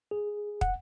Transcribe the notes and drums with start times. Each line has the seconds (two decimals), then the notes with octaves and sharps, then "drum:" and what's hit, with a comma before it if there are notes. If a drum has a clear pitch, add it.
0.11 G#4
0.61 F#5, drum: kick